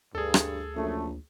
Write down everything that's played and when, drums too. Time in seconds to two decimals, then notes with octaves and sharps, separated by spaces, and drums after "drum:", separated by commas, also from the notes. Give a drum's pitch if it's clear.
0.15 D2 G2 G#4 A4
0.34 drum: rim click
0.76 A#1 F#2 A3